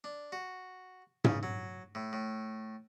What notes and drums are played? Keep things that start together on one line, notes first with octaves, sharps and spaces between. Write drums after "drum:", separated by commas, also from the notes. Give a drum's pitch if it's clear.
D4
F#4
C#3, drum: tom
F#3
A2
A2